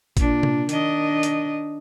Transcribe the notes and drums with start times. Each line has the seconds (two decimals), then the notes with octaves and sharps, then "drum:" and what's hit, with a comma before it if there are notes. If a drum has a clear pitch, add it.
0.17 A#2 D4, drum: kick, hi-hat
0.43 drum: tom C3
0.69 D#3 D4 D#5, drum: hi-hat
1.23 drum: hi-hat